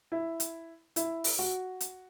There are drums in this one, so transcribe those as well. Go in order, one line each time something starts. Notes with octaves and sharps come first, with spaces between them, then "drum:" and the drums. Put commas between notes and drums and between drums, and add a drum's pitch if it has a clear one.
E4
drum: hi-hat
E4, drum: hi-hat
drum: open hi-hat
F#4
drum: hi-hat